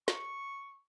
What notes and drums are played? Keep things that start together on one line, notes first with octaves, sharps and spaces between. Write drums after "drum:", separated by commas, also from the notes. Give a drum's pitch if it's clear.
C#6, drum: snare